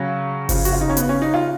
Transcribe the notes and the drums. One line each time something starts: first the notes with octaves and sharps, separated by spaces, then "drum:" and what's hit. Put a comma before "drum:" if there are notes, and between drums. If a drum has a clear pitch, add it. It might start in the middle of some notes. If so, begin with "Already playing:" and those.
Already playing: C#3 F#3 C#4
C#3 F3, drum: kick G1, open hi-hat
F#4, drum: hi-hat
F4
D#4
C#4
B3, drum: hi-hat
C#4
D#4
F4